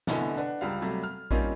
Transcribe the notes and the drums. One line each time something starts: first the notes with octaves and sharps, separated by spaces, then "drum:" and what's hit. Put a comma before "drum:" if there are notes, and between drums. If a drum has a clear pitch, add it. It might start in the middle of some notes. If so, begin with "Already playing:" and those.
C2 A2 D3 B3 D#5 G#5, drum: snare
D4 B4 F#5
C#2 G3 F5
C3 F#3 G3 A3
F6
G3 A#3 C4 C#4 D#4 F4, drum: kick A1